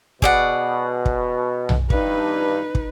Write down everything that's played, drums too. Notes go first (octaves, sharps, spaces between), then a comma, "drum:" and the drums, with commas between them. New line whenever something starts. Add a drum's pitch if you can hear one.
B2 G#4 D5 F#5, drum: kick
drum: kick
drum: tom B1
G2 D#4 B4, drum: kick
drum: kick